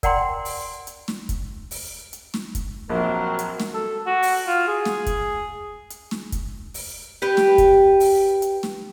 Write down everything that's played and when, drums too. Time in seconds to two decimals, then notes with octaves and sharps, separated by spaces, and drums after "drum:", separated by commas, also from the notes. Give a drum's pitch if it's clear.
0.03 A#4 D5 F#5 G5 A#5 C6, drum: kick, hi-hat
0.45 drum: open hi-hat
0.87 drum: hi-hat
1.08 drum: snare
1.29 drum: kick, hi-hat
1.71 drum: open hi-hat
2.13 drum: hi-hat
2.34 drum: snare
2.55 drum: kick, hi-hat
2.90 A#1 F#3 C4 A#4
3.39 drum: hi-hat
3.60 drum: snare
3.74 A4
4.07 F#4
4.23 drum: open hi-hat
4.47 F4
4.68 G#4
4.85 drum: snare
5.06 drum: kick, hi-hat
5.90 drum: hi-hat
6.11 drum: snare
6.32 drum: kick, hi-hat
6.74 drum: open hi-hat
7.22 G4 B4
7.37 drum: snare
7.58 drum: kick, hi-hat
8.00 drum: open hi-hat
8.42 drum: hi-hat
8.63 drum: snare